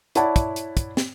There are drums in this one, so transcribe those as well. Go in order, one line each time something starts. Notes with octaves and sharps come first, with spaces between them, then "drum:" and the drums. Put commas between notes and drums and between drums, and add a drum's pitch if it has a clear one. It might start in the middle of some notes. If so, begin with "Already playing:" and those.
E4 C#5 D5 F#5 A5, drum: hi-hat
drum: kick, hi-hat
drum: hi-hat
drum: kick, hi-hat
drum: snare